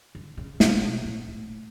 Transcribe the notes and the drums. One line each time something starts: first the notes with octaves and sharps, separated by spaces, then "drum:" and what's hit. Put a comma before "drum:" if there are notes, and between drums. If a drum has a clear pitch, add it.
D3
C#3
C3, drum: snare
C3
B2
A#2
A2